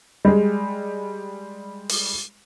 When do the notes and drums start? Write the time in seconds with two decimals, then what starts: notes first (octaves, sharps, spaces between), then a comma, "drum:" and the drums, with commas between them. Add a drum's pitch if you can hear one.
0.25 G3 G#3
1.89 drum: open hi-hat